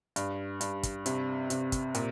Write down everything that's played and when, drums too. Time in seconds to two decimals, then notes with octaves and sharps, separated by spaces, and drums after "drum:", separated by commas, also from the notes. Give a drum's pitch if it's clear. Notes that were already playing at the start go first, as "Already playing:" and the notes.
0.16 G2, drum: hi-hat
0.61 G2, drum: hi-hat
0.83 drum: kick, hi-hat
1.06 C3, drum: hi-hat
1.50 C3, drum: hi-hat
1.72 drum: kick, hi-hat
1.95 A#2, drum: hi-hat